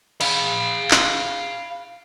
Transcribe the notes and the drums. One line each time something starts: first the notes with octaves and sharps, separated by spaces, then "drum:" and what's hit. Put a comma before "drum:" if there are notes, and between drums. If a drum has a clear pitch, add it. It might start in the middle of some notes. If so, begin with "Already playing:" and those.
F5 B5, drum: cymbal
drum: clap